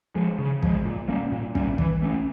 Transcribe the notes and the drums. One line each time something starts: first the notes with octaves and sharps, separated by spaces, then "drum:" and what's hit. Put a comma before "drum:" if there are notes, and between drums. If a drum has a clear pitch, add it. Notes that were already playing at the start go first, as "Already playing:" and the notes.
F3 G#3
C#3
F3 G#3, drum: kick
A#2
G3 A#3 C#4
A#2
G3 A#3 C#4, drum: kick
E3, drum: kick
A3 C#4